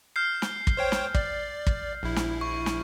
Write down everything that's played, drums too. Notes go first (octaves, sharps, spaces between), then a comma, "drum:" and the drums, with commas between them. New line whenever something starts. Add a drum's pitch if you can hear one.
F6 G6 C7
drum: snare
drum: kick
C5 C#5 G5
drum: snare
D5, drum: kick
drum: kick
A#1 E4
drum: snare
C#6
drum: snare